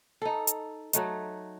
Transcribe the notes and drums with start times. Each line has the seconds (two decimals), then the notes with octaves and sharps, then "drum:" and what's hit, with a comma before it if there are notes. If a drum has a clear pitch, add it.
0.22 D#4 A4
0.47 drum: hi-hat
0.93 F#3 A3 D#4, drum: hi-hat